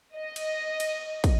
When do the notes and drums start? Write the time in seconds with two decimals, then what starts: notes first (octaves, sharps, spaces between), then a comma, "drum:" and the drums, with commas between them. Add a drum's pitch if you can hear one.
0.14 D#5
0.36 drum: cymbal
0.80 drum: cymbal
1.24 drum: kick, cymbal